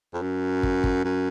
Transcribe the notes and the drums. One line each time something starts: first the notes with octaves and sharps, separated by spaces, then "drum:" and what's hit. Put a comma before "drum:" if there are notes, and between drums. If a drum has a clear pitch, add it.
F2
F#2
drum: kick
drum: kick
F#2